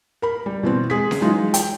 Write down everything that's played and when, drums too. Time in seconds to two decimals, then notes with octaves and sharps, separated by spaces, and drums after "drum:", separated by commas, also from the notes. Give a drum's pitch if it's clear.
0.22 A#4 B5
0.46 G3
0.63 B2 E3 C4
0.90 G#3 G#4 B6
1.11 drum: snare C#4
1.21 E3 F#3 G#3 D#4 F4
1.54 G5, drum: hi-hat